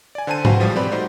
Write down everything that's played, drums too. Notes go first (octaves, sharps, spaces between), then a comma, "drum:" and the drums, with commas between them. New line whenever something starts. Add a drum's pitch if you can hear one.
D5 G#5
D3 C5 G#5 A5 D#7
F#4 B4 C5 F5 G5, drum: tom G#2
A2 E3 F3 G3 G#3
C4 G4 B4 D5 B5
G3 A3 D#4 F#4 C5